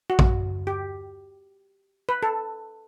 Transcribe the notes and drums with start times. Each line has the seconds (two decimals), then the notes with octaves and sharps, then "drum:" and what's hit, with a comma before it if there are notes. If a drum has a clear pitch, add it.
0.10 F#4
0.19 drum: kick
0.67 G4
2.09 B4
2.23 A4